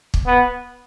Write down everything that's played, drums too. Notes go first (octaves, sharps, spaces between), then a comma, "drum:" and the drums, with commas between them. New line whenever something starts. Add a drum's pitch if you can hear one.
drum: kick
B3